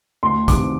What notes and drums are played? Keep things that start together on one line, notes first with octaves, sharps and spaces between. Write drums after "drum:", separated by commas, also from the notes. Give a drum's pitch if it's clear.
D2 C6
C3 D#3 D6, drum: kick, hi-hat